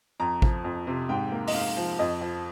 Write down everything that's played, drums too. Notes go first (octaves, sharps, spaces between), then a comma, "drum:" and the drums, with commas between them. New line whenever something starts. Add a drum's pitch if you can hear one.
F2 A#5
F3, drum: kick
F2
C3
G#2 G5
A#3
D#5, drum: open hi-hat
G#2 F5
F3
F2 D#5
F3